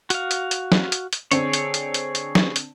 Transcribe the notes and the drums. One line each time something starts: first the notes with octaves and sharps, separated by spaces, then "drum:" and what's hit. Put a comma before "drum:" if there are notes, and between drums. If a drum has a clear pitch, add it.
F#4 F5, drum: hi-hat
drum: hi-hat
drum: hi-hat
drum: snare
drum: hi-hat
drum: hi-hat
D3 C4 G#4 C#5, drum: hi-hat
drum: hi-hat
drum: hi-hat
drum: hi-hat
drum: hi-hat
drum: snare
drum: hi-hat